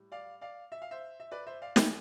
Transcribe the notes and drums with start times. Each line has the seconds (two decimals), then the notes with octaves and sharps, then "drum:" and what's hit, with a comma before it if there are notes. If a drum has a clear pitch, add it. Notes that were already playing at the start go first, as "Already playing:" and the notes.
Already playing: A2 G3
0.12 D5 F5
0.41 D5 F5
0.72 E5
0.82 F5
0.91 C5 E5
1.20 E5
1.31 B4 D5
1.47 C5 E5
1.62 D5 F5
1.76 E5 G5, drum: snare